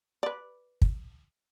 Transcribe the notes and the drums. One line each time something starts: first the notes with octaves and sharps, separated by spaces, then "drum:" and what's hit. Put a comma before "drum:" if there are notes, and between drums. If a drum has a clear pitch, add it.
B4 D5
drum: kick